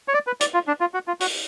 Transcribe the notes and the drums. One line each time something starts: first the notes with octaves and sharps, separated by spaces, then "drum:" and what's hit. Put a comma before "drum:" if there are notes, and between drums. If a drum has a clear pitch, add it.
C#5
D5
B4
D5, drum: hi-hat
F4
D4
F4
F#4
F4
F#4, drum: open hi-hat